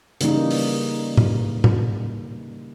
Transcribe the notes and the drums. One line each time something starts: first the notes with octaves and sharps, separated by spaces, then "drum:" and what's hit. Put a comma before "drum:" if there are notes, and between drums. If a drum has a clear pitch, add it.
C#3 E3 G3 A#3 D#4, drum: hi-hat
drum: open hi-hat
drum: tom A2
drum: tom A2